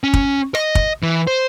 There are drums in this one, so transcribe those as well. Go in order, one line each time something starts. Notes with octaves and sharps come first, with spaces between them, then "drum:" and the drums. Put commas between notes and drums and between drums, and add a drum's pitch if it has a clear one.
C#4
drum: kick
D#5, drum: rim click
drum: kick
E3
C5